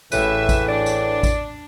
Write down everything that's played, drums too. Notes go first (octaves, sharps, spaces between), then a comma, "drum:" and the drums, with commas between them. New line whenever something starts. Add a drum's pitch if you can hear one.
A1 A2 C#3 E3 B4 E5, drum: tambourine
drum: kick A1, tambourine
D4 D5
drum: tambourine
drum: kick A1, tambourine